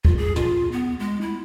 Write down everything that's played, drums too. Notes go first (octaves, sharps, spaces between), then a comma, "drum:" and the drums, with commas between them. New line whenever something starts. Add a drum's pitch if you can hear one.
F4, drum: kick
G#4
F4, drum: tom
B3
G#3
E4